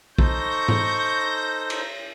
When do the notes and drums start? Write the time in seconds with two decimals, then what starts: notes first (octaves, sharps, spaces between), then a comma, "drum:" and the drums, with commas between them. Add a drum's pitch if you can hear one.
0.18 D#4 A4 C5 C#6 G6 A#6, drum: kick
0.68 drum: tom G#2
1.70 drum: cymbal